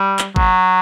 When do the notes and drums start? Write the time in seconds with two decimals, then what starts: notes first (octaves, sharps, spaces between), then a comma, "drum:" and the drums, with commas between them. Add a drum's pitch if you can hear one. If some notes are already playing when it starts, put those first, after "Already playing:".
Already playing: G3
0.19 drum: clap
0.36 F#3, drum: kick